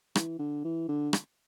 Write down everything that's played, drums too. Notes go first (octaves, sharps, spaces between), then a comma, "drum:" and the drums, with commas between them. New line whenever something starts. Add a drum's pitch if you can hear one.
E3, drum: rim click
D3
E3
D3
drum: rim click